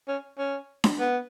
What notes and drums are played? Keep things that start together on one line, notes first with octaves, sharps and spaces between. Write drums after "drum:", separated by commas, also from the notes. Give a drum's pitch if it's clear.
C#4
C#4
drum: snare D4
B3